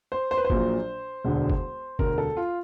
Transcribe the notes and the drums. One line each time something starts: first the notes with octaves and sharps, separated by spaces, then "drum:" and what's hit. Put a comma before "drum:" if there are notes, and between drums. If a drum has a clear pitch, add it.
C5
C5
B4
C5
A#1 A#2 F#3, drum: kick
E1 D2 D3
drum: kick
E1 D2 D3 A#4, drum: kick
A4
F4